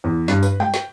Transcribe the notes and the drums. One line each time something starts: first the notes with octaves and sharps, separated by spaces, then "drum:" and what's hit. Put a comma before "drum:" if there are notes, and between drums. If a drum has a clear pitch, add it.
E2
G2, drum: snare
B4, drum: tambourine
G5, drum: tom
drum: snare